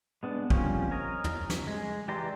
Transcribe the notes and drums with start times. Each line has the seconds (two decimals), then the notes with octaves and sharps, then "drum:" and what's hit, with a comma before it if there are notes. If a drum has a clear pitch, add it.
0.23 G#3 B3 D4
0.50 F3 G3 A#3 C4 C#4, drum: kick
0.91 A#4 C#5 D#5
1.24 drum: tom
1.50 drum: snare
1.67 G#3
2.08 E3 G4 D5 A#5 C6